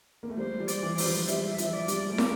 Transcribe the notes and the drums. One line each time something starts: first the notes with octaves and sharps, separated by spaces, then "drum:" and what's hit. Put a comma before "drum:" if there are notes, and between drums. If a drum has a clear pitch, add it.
A#3
A3
G3 C5
G3
D5, drum: hi-hat
E3
G3 C5, drum: open hi-hat
F3
G3 E5, drum: hi-hat
F3, drum: hi-hat
D5
G3, drum: hi-hat
A3
A#3, drum: snare